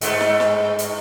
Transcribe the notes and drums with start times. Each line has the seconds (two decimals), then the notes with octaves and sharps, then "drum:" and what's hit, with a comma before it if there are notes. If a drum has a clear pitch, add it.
0.01 G2 G#3 A3, drum: hi-hat
0.21 drum: snare
0.40 drum: snare
0.79 drum: hi-hat